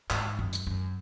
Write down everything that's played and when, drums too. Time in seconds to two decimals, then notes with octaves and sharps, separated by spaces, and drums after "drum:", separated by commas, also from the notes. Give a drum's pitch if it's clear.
0.10 G#2, drum: clap
0.39 F#2
0.53 drum: hi-hat
0.67 F#2